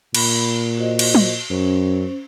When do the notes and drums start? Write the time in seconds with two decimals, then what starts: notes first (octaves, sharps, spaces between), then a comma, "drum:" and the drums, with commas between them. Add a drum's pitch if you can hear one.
0.15 A#2 B5, drum: cymbal
0.77 F#4 C5 D#5
0.99 drum: cymbal
1.15 drum: tom
1.50 F#2 C#4 C5